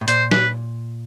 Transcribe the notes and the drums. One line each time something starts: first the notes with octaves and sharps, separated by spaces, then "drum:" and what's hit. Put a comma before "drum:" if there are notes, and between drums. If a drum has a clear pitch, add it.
A2
A#2 C5, drum: hi-hat
B4, drum: snare